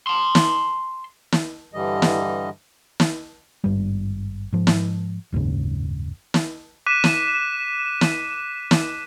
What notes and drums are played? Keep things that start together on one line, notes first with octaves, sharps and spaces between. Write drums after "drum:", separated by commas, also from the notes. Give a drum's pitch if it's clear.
A5 C6
drum: snare
drum: snare
G2 D3 E3 G3 D#5
drum: snare
drum: snare
G#1 G2 G3
G#2 F3
drum: snare
F#1 D#2 G#2 C#3
drum: snare
D6 F#6 B6 D#7 E7
drum: snare
drum: snare
drum: snare